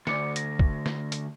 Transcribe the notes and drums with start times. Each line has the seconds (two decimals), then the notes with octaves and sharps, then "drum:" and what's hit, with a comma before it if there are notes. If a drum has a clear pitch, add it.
0.07 D2 D5 D6 C#7, drum: snare
0.36 A#6, drum: hi-hat
0.59 drum: kick
0.86 drum: snare
1.12 drum: hi-hat